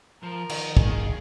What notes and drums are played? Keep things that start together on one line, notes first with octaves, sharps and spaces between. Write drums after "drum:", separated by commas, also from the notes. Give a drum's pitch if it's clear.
F3 A#4
D#3, drum: cymbal
G#4, drum: kick